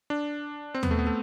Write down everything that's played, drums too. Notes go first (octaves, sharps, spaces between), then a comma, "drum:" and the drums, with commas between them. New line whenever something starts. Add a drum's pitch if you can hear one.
D4
C4
B3, drum: tom D#2
A3
B3
A3